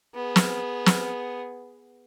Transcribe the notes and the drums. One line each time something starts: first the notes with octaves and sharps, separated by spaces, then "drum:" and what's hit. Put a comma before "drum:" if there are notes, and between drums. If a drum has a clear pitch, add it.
B3 G#4
drum: snare
drum: snare